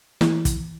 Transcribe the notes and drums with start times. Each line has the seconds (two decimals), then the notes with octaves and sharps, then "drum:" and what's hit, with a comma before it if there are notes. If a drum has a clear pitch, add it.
0.21 E3, drum: snare
0.45 drum: kick, hi-hat